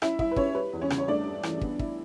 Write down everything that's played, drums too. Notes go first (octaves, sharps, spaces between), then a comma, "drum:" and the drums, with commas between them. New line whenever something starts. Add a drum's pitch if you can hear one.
C#4 E4 E5, drum: rim click
E4 E5, drum: kick
B4
G3 C#4 C#5, drum: kick
G3 B4
E2
C#4 C#5
C#3, drum: rim click
C#5
A3 D4 D5
G2
E3, drum: rim click
B3, drum: kick
E4, drum: kick